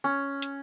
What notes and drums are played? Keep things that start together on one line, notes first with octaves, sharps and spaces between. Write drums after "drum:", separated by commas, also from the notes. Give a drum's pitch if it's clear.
C#4
drum: hi-hat